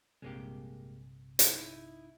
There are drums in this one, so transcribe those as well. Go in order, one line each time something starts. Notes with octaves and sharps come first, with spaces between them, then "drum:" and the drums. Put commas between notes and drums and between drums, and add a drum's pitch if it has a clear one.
A#1 G2 C3 G#3 A#3 G4
D#4 E4, drum: hi-hat